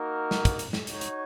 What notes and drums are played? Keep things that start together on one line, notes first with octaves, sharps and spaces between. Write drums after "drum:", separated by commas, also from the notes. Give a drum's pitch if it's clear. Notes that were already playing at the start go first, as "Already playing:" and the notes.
Already playing: A#3 D#4 F#4 A#4
drum: snare
drum: kick, hi-hat
drum: hi-hat
drum: snare
D#4 F#4 C#5, drum: hi-hat
drum: hi-hat